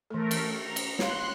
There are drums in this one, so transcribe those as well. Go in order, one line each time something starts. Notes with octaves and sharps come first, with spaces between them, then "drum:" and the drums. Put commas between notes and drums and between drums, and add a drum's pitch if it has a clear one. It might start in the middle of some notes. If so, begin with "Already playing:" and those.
E3 A3 A4 A#4
drum: cymbal
A#5
drum: cymbal
C#5 F5 C6 F#6, drum: snare